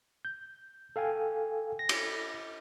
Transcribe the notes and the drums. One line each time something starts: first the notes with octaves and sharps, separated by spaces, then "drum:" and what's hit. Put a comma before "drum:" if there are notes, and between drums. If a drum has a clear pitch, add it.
G6
A4 F5 G5 G#5
A#6
drum: cymbal